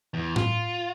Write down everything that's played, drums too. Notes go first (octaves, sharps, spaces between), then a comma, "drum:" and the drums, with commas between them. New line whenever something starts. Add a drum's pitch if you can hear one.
E2
F4, drum: tom A2